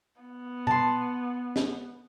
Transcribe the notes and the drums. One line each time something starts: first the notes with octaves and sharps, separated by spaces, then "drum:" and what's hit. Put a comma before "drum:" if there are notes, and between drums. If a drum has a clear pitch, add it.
B3
A5 C6, drum: tom B2
drum: snare